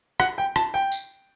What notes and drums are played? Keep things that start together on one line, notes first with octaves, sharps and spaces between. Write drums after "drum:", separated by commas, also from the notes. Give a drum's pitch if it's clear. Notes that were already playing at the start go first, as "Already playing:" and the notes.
F#5, drum: rim click
G5
A5, drum: rim click
G5
drum: tambourine